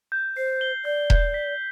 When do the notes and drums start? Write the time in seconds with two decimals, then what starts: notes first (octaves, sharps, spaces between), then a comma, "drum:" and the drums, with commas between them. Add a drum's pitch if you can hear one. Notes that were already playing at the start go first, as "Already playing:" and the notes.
0.12 G6
0.37 C5 C7
0.61 G7
0.85 D5 G6
1.10 G6, drum: kick E1
1.34 B6